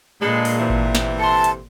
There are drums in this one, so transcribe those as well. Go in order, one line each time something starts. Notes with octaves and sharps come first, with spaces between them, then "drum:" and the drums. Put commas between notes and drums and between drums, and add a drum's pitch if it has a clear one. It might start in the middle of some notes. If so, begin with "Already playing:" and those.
A#2 G#3 D4 A4 B4
drum: open hi-hat
C3 E3
drum: kick G#1
drum: snare
A4 A5 C6
drum: hi-hat